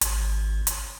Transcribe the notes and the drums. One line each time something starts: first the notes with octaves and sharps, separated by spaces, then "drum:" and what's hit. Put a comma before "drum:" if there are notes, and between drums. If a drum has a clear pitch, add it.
G#1, drum: hi-hat
drum: hi-hat